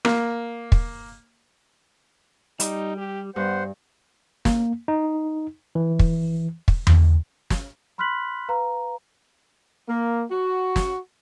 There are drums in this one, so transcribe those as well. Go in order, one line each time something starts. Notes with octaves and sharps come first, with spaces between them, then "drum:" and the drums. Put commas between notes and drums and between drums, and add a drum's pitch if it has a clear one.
A#3, drum: rim click
drum: kick
G3 D#4, drum: hi-hat
G4
G2 B3 C5 F#5
A#3, drum: snare
D#4
E3
drum: kick
drum: kick
drum: tom E2
drum: snare
B5 C6 F6 F#6 B6 F#7
B4 F5 A#5
A#3
F#4
drum: snare